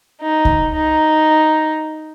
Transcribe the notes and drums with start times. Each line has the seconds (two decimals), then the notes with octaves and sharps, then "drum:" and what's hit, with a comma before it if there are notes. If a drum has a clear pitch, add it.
0.21 D#4
0.45 drum: kick C#2
0.75 D#4